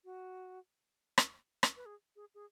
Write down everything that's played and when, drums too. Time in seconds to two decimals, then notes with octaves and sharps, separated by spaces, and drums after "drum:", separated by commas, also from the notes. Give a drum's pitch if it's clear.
0.05 F#4
1.18 drum: rim click
1.63 drum: rim click
1.76 B4
1.86 G#4
2.16 G#4
2.35 G#4